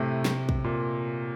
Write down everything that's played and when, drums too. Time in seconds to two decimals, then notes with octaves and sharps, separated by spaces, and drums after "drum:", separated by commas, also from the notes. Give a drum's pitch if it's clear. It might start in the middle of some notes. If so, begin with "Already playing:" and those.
Already playing: A2 C3 A3
0.25 drum: snare
0.49 drum: kick A#1
0.64 A#2